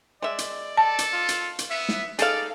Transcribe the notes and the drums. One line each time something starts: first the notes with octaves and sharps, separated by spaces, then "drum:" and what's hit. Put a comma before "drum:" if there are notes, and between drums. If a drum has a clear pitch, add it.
G#3 D5 E5
drum: hi-hat
A4 A5
drum: hi-hat
F4
drum: hi-hat
drum: hi-hat
B3 E5
drum: snare
D#4 G#4 A4 D5 F5, drum: hi-hat